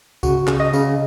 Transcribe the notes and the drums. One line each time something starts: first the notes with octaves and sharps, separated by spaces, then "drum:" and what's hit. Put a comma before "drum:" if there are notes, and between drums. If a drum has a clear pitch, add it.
C#3 F#4, drum: kick C#2, tambourine
C#3, drum: clap
D#5
C#3, drum: tambourine